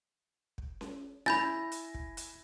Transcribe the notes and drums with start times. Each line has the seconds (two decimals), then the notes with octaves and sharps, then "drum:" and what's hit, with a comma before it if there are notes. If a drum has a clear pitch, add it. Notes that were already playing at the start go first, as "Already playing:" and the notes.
0.58 drum: kick
0.81 drum: snare C#4
1.26 E4 G#5 B5 G6 A6 A#6, drum: snare C#4
1.72 drum: hi-hat
1.94 drum: kick
2.17 drum: hi-hat